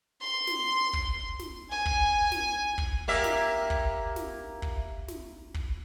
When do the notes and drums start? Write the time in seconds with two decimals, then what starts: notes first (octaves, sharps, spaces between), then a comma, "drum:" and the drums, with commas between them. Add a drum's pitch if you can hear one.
0.24 C6
0.47 drum: snare
0.93 drum: kick
1.39 drum: snare
1.71 G#5
1.86 drum: kick
2.32 drum: snare
2.78 drum: kick
3.08 A#3 G4 E5
3.24 drum: snare
3.70 drum: kick
4.16 drum: snare
4.62 drum: kick
5.08 drum: snare
5.54 drum: kick